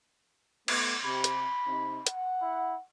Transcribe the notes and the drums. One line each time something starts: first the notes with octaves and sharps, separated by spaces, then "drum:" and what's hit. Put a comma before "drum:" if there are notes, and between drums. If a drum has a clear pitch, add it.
A3 B3, drum: cymbal
C3 G4 B5
drum: hi-hat
C3 D#4
F#5, drum: hi-hat
E4